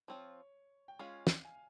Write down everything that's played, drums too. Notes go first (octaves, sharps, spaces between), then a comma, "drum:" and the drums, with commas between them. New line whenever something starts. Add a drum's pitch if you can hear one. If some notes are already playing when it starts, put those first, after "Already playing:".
F3 C4 F4 C#5
G5
G#3 C#4 F4 G#4 F5
drum: snare
G#5